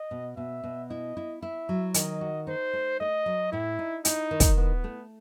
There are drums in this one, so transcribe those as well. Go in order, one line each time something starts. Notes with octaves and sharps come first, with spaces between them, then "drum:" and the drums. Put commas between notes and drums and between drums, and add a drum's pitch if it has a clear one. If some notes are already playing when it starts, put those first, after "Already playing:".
Already playing: D#5
B2
B2 E5
B2
E4 D#5
E4
E4 E5
F#3
D#3 D#5, drum: hi-hat
F#4
D#4 C5
A3
A3 D#5
F#3
A2 E4
D#4
D#4 E4, drum: hi-hat
D#3
drum: kick, hi-hat
B3 E4
A3